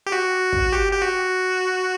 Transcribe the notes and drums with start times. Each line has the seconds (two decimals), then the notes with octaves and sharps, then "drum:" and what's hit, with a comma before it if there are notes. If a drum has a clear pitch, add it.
0.06 G4
0.12 F#4
0.52 drum: kick
0.72 G4
0.93 G4
1.02 F#4